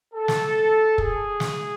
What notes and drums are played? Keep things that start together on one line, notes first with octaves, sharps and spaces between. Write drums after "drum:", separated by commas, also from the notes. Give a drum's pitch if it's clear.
A4
drum: snare
G#4, drum: kick
drum: snare